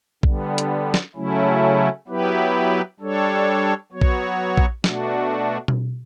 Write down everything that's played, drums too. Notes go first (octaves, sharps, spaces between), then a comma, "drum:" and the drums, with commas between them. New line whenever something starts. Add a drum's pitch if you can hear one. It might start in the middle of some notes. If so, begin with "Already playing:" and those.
D3 G3 B3, drum: kick A#1
drum: hi-hat
drum: snare
C#3 F#3 A3 C#4 E4
F#3 B3 E4 G4 B4
G3 D4 A4 C#5
F#3 B3 F#4 C#5
drum: kick A#1
drum: kick A#1
B2 A3 D4 F#4, drum: snare
drum: tom B2